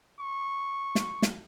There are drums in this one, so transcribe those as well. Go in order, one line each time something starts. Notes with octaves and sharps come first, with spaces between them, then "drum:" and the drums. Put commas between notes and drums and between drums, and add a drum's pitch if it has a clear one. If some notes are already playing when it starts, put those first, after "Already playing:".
C#6
drum: snare
drum: snare